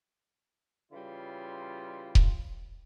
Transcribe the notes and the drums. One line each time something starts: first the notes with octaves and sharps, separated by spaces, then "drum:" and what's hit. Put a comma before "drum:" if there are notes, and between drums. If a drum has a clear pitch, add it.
C#3 E3 G3 F4
drum: kick D#1